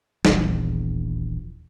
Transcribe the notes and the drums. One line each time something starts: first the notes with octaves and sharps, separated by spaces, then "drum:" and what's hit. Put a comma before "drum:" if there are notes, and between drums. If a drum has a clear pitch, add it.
D#1 A#1 E2, drum: snare